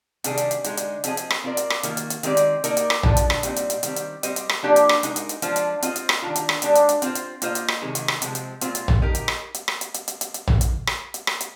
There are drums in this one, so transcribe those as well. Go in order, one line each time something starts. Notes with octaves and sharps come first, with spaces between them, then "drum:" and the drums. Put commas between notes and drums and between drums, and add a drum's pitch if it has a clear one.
C3 D#3 G3 D4 G#4, drum: hi-hat
drum: hi-hat
drum: hi-hat
D3 G#3 D#4, drum: hi-hat
drum: hi-hat
F3 C4 F4 G#4 D#5, drum: hi-hat
drum: hi-hat
drum: rim click
C4 F4 A#4 D5
drum: hi-hat
drum: rim click
D#3 A#3 F4, drum: hi-hat
drum: hi-hat
drum: hi-hat
D#3 G#3 C4 G4 D5, drum: hi-hat
drum: hi-hat
A#3 D#4 A#4 D5, drum: hi-hat
drum: hi-hat
drum: rim click
F3 G#3 D4, drum: tom A#1
drum: hi-hat
drum: rim click
A#2 G3 C4 D#4, drum: hi-hat
drum: hi-hat
drum: hi-hat
D#3 G3 C4, drum: hi-hat
drum: hi-hat
G3 C4 G4 C5 D#5, drum: hi-hat
drum: hi-hat
drum: rim click
F3 A#3 D4 G4 D5
drum: hi-hat
drum: rim click
G#3 D#4 A#4, drum: hi-hat
drum: hi-hat
drum: hi-hat
F3 G#3 D4 F4 C5, drum: hi-hat
drum: hi-hat
C4 F4 C5 D#5, drum: hi-hat
drum: hi-hat
drum: rim click
D#3 G3 D4 F4
drum: hi-hat
drum: rim click
G#3 D4 G4 D5, drum: hi-hat
drum: hi-hat
drum: hi-hat
C4 F4 C5, drum: hi-hat
drum: hi-hat
A#3 F4 C5 D#5, drum: hi-hat
drum: hi-hat
drum: rim click
C3 D#3 G#3
drum: hi-hat
drum: rim click
C3 F3 G#3 C4, drum: hi-hat
drum: hi-hat
A#2 G#3 C4 F4 C5, drum: hi-hat
drum: hi-hat
drum: tom A#1
G#3 D#4 G4 A#4
drum: hi-hat
drum: rim click
drum: hi-hat
drum: rim click
drum: hi-hat
drum: hi-hat
drum: hi-hat
drum: hi-hat
drum: hi-hat
drum: tom A#1
drum: hi-hat
drum: rim click
drum: hi-hat
drum: rim click
drum: hi-hat